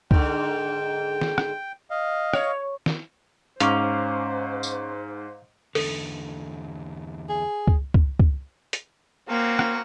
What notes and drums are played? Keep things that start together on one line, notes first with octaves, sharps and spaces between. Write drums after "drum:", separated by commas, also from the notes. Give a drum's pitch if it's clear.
G#2 D3 G5, drum: kick
drum: snare
drum: rim click
D#5 F5
C#5, drum: rim click
drum: snare
G#2 C#4 C5 F5 A#5 D6, drum: hi-hat
drum: tambourine
E2 D3 A4, drum: open hi-hat
G#4
drum: kick
drum: kick
drum: kick
drum: hi-hat
A#3 C4 C#4 F#4
drum: rim click